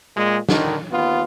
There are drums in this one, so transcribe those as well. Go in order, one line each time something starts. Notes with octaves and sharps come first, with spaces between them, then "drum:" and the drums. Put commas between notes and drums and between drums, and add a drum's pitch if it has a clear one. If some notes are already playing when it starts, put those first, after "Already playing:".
A#2 G#3
D3 D#3, drum: snare
D#2 B3 F4